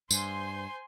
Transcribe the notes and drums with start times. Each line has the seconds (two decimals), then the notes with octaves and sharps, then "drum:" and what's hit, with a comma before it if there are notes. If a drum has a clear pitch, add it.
0.11 G2 C5 G#5 C6, drum: tambourine